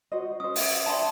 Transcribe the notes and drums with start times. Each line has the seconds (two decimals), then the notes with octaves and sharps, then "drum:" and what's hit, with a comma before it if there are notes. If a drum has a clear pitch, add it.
0.12 F#4 C5 D#5
0.40 C#4 C5 D#6
0.56 E5, drum: open hi-hat
0.86 D4 G5 A5 B5 C6